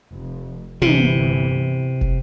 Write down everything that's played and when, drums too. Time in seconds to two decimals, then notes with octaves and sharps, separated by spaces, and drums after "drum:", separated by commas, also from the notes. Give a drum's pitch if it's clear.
0.13 F1
0.82 G1 D2 C3 E3, drum: tom
2.01 drum: kick